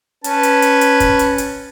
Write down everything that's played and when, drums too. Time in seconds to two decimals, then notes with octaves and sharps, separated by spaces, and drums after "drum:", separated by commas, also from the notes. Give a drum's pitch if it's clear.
0.24 C#4 B4 A5, drum: hi-hat
0.43 drum: hi-hat
0.62 drum: hi-hat
0.81 drum: hi-hat
1.00 drum: kick, hi-hat
1.19 drum: hi-hat
1.38 drum: hi-hat